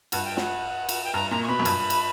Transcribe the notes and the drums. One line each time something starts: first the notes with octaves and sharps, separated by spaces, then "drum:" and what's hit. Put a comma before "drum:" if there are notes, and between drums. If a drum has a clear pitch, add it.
G2 F#5, drum: cymbal
G5
F#5, drum: snare
drum: cymbal
G5
G2 A#5
A#2 A#5
C#6
B2 B5
F#2
G2, drum: cymbal
drum: cymbal